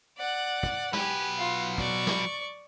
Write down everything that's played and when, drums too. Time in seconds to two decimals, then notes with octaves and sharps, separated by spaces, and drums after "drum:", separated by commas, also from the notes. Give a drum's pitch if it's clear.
0.17 D5 F#5
0.63 drum: kick
0.93 F#3 G4 B4 G#5, drum: snare
1.38 F4
1.78 D5 C#6, drum: kick
2.07 drum: snare